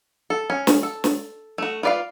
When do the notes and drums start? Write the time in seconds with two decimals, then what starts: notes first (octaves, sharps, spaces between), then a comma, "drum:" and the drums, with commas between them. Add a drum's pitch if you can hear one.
0.30 A4
0.50 C#4
0.67 drum: snare
0.83 A4
1.04 drum: snare
1.58 A3 F#4
1.83 F4 B4 D5 E5 F5